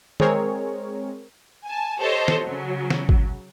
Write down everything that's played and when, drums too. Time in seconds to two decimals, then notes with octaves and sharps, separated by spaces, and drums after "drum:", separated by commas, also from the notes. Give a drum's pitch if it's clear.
0.20 G#3 C4 G#4 A#4 C#5, drum: tom D#3
1.66 G#5 A5
1.98 G4 A4 C5 C#5 D#5
2.28 drum: snare
2.41 C#3 F#3
2.90 drum: snare
3.09 drum: kick G#1